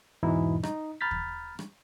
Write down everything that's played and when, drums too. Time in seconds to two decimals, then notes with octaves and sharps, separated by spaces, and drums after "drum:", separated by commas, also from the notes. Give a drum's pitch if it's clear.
0.23 E2 G#2 B2 E3 D#4 E4
0.63 D#4, drum: rim click
1.01 A#5 B5 F6 G6 A6 B6
1.11 drum: kick
1.59 drum: rim click